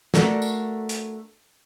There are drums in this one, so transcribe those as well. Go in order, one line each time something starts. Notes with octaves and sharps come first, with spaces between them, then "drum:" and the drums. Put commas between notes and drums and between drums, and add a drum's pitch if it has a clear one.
A3 D4 F#4 A4 A#4, drum: snare
drum: tambourine
drum: hi-hat